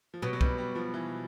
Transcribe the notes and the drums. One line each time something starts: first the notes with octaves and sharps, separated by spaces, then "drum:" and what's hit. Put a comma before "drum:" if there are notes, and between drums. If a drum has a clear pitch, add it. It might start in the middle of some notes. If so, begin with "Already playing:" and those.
F3
B2 F#3
F#3
G3, drum: kick C2
G3
F3
E3